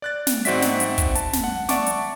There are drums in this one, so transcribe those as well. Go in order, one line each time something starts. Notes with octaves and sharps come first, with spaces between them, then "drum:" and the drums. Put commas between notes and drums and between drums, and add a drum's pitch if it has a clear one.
D5 F#6 A6
drum: snare
G#2 C4 F#4 D5 E5 B6, drum: hi-hat
drum: snare
drum: hi-hat
drum: kick, hi-hat
A5, drum: hi-hat
drum: snare
F#5
D5 E5 F#5 A5 C#6 D6, drum: snare
drum: hi-hat